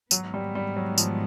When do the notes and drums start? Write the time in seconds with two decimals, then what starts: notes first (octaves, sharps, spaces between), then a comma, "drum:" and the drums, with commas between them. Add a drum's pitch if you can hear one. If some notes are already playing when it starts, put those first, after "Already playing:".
0.11 G#2 D#3 F#3 G#3 B3, drum: tambourine
0.34 G3
0.55 G3
0.76 F#3
0.98 F3, drum: tambourine